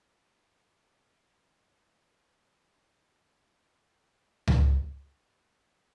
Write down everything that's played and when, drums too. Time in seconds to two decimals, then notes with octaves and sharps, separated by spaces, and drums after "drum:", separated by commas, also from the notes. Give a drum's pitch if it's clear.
0.04 F#4 G#4 A4 B4 F6
1.95 C7
2.37 A4
3.26 C5
3.69 B4
3.91 E7
4.48 drum: tom C#2
4.79 C5 D5 D6
5.00 C#4 B4 C#7
5.20 F#4 A4
5.43 E4 C6 D#6 A#6
5.74 G#4 C5 F5 A5 D6 F6